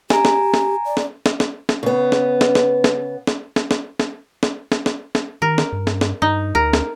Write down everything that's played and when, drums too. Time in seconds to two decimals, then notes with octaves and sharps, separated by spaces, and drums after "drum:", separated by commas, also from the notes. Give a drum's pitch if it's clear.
0.10 G4 G#5 A#5, drum: snare
0.25 drum: snare
0.54 drum: snare
0.85 D5
0.97 drum: snare
1.26 drum: snare
1.40 drum: snare
1.69 drum: snare
1.83 C#3 B3
2.12 drum: snare
2.41 drum: snare
2.55 drum: snare
2.84 drum: snare
3.27 drum: snare
3.56 drum: snare
3.71 drum: snare
4.00 drum: snare
4.43 drum: snare
4.72 drum: snare
4.86 drum: snare
5.15 drum: snare
5.42 D#3 A#4
5.58 drum: snare
5.72 G2
5.87 drum: snare
6.01 drum: snare
6.22 G2 D#4
6.55 D2 A#4
6.73 drum: snare